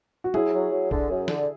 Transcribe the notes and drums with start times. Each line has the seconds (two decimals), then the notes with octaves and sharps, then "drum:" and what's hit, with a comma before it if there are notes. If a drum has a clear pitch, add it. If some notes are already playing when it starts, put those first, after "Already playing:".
0.24 F#4
0.34 F#3 E4 G#4, drum: tom F#3
0.54 F#3
0.71 F#3
0.91 D3, drum: kick A#1
1.09 F#2
1.28 D3, drum: snare